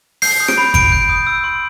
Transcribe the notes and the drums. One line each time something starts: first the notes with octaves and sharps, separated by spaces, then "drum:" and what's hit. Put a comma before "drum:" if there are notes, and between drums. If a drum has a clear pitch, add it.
G6 C7, drum: open hi-hat
D#6
D7, drum: rim click
B5
B5 D7, drum: kick G1, hi-hat
G6
D#6
E6
C6